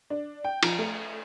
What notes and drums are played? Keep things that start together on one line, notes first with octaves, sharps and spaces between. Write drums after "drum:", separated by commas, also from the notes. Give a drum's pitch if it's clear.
D4
G5
F3, drum: cymbal
A3